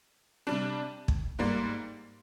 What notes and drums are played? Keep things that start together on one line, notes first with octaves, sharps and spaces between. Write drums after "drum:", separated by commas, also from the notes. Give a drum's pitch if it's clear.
C3 G3 D4
drum: kick
G#2 G3 A#3